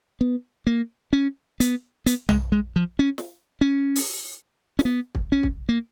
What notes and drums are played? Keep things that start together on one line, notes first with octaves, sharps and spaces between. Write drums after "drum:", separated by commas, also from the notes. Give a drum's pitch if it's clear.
B3
A#3
C#4
B3, drum: hi-hat
B3, drum: hi-hat
G#3, drum: tom
G#3
F3
C#4
drum: snare
C#4
drum: open hi-hat
C#4, drum: snare
B3
drum: kick
C#4
drum: kick
A#3